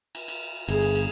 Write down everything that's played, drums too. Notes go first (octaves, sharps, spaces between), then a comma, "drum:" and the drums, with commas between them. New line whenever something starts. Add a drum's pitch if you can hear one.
drum: cymbal
drum: cymbal
G1 G#4, drum: cymbal
drum: cymbal
drum: cymbal